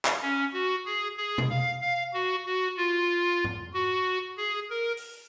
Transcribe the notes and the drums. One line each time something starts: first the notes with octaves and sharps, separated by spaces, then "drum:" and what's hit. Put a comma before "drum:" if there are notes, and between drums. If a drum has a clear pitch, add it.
drum: clap
C#4
F#4
G#4
G#4
drum: tom B2
F5
F5
F#4
F#4
F4
drum: tom G#2
F#4
G#4
A#4
drum: open hi-hat